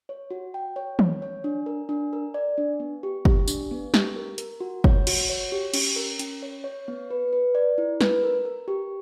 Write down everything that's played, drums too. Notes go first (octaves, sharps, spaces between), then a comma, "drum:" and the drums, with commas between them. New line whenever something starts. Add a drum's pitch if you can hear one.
C#5
F#4
G5
C#5
C#5, drum: tom
C#5
D4
A#4
D4
A#4
D5
D4
B3
G4
G4, drum: kick
D4, drum: tambourine
B3
G4, drum: snare
A#4
A#4, drum: hi-hat
F#4
C#5, drum: kick
F#4, drum: cymbal
C#5
G4
C#4, drum: cymbal
A#4
C#4, drum: hi-hat
C#5
C#5
B3
B4
B4
D5
E4
B4, drum: snare
A#4
A#4
G4